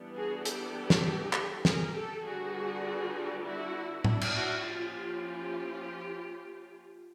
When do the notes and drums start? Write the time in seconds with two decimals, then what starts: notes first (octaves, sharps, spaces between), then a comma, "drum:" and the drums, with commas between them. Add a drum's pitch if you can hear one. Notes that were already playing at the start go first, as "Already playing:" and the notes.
Already playing: E3 G3 B3 D4
0.15 F#4 G#4
0.45 G4 A4, drum: hi-hat
0.90 drum: snare
1.33 drum: clap
1.65 G#4 A#4, drum: snare
1.95 G4 A4
2.25 D3 G3 B3 D4 F#4 G#4
3.45 E4 F#4
4.05 D4 E4, drum: tom A2
4.21 drum: cymbal
4.35 E4 F#4
4.64 F3 A#3 C#4 F4 G4